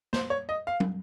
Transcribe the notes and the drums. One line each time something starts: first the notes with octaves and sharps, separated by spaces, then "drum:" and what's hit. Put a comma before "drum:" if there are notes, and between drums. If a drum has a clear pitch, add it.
C5, drum: snare
C#5
D#5
F5
drum: tom